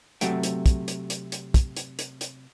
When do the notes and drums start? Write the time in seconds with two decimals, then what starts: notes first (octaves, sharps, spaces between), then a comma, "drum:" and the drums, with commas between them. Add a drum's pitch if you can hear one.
0.21 C3 F#3 A3 G5, drum: hi-hat
0.43 drum: hi-hat
0.66 drum: kick, hi-hat
0.88 drum: hi-hat
1.10 drum: hi-hat
1.32 drum: hi-hat
1.54 drum: kick, hi-hat
1.77 drum: hi-hat
1.99 drum: hi-hat
2.21 drum: hi-hat